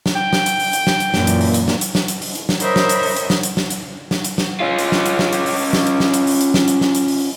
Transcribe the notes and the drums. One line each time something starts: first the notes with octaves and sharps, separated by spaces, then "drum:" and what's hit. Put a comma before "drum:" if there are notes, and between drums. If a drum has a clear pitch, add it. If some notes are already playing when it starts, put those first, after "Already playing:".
drum: snare
G5
drum: snare
drum: hi-hat
drum: open hi-hat
drum: hi-hat
drum: snare
drum: hi-hat
F#2 A#2 E3, drum: snare
drum: hi-hat
drum: open hi-hat
drum: hi-hat
drum: snare
drum: hi-hat
drum: snare
drum: hi-hat
drum: open hi-hat
drum: hi-hat
drum: snare
A#4 C5 C#5 D#5 E5 B5, drum: hi-hat
drum: snare
drum: hi-hat
drum: open hi-hat
drum: hi-hat
drum: snare
drum: hi-hat
drum: snare
drum: hi-hat
drum: snare
drum: hi-hat
drum: snare
C#4 F4
drum: hi-hat
drum: snare
drum: hi-hat
drum: snare
drum: hi-hat
drum: open hi-hat
drum: snare
drum: hi-hat
drum: snare
drum: hi-hat
drum: open hi-hat
drum: hi-hat
drum: snare
drum: hi-hat
drum: snare
drum: hi-hat
drum: open hi-hat